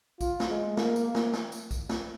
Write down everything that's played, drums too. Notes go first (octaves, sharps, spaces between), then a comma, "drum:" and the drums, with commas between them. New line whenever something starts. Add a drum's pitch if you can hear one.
F4, drum: kick B1, tambourine
drum: snare
G#3
A#3, drum: snare
drum: tambourine
A#3
drum: snare
drum: snare
drum: tambourine
drum: kick B1, tambourine
drum: snare